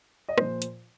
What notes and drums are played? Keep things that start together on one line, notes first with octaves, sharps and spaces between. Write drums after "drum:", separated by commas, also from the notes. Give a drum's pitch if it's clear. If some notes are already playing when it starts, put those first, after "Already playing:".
D#5
A#2 F3 C5, drum: rim click
drum: hi-hat